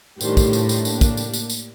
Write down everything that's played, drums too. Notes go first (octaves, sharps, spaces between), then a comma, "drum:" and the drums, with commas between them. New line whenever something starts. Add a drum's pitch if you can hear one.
A2 D#3 G3 D4 G4 C5, drum: tambourine
drum: kick, tambourine
drum: tambourine
drum: tambourine
A#3 D4 G4, drum: tambourine
drum: kick, tambourine
drum: tambourine
drum: tambourine
drum: tambourine